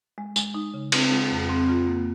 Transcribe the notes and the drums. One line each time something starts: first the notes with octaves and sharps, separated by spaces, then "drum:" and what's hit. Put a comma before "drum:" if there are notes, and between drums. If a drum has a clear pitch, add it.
G#3
G#3, drum: tambourine
D#4
C#3
C4, drum: cymbal
G#3
F2
C4
F4
A#3